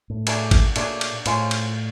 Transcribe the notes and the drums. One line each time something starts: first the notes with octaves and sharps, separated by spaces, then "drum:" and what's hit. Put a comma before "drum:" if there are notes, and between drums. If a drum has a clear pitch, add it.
A2
C#3 F#3 A3 D4, drum: cymbal
drum: kick G#1, cymbal
A#2 C#3 F#3 A3 D4, drum: cymbal
drum: cymbal
A2 F3 G#3 C#4 F4, drum: cymbal
drum: cymbal